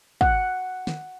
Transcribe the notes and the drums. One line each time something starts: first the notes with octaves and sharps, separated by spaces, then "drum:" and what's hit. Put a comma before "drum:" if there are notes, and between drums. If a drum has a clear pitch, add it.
F#5, drum: kick
drum: snare